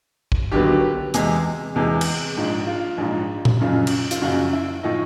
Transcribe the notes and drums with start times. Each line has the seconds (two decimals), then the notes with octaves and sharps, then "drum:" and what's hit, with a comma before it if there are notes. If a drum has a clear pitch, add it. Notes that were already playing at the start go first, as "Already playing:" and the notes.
0.32 drum: kick
0.52 D#2 D3 F#3 B3 G4
1.14 E2 C3 E3 G#3, drum: hi-hat
1.75 E2 C3 E3 G#3 G#4
2.01 drum: cymbal
2.37 A#1 G#2 F3
2.67 F4
2.98 A#1 G#2 F3
3.45 drum: tom A#2
3.60 F#1 F#2 C#3 F3
3.87 drum: cymbal
4.11 F4, drum: hi-hat
4.21 F#1 F#2 C#3 F3 F#4
4.53 E4
4.83 A2 F3 D#4